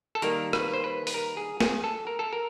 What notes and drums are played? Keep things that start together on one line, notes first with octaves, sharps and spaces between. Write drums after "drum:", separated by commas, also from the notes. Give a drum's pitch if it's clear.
A4
D#3 G3 A#3 A#4, drum: hi-hat
B4, drum: rim click
C5
B4
B4, drum: open hi-hat
A#4
G#4
G#4, drum: snare
A4
A#4
A4
A#4